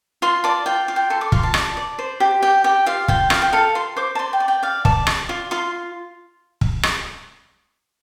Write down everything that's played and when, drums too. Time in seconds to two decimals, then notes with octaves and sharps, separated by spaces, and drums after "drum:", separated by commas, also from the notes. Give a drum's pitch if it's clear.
0.22 F4 C6
0.44 D5 A5
0.66 F4 G5
0.88 F4
0.96 G5
1.10 A4 C6
1.21 D6
1.32 F4 C6, drum: kick
1.43 A5
1.54 D5, drum: rim click
1.77 D5
1.99 C5
2.20 G4
2.42 G4 G5
2.64 G4 G5
2.86 F4 F5
3.08 F4 G5, drum: kick
3.30 F4 F5, drum: rim click
3.42 G5
3.53 A4 F5
3.75 F4 C6
3.97 C5 D6
4.15 A5
4.19 D5 C6
4.33 G5
4.40 D5
4.48 G5
4.63 D5 F5
4.85 D5 A5, drum: kick
5.07 D5, drum: rim click
5.29 F4
5.51 F4 C6
6.61 drum: kick
6.83 drum: rim click